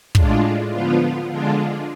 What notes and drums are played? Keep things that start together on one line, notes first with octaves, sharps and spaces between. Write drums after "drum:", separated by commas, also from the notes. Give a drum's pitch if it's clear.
A2 G#3 D4 F4, drum: kick
D3 F3 B3 F4
D3 G#3 D4 F4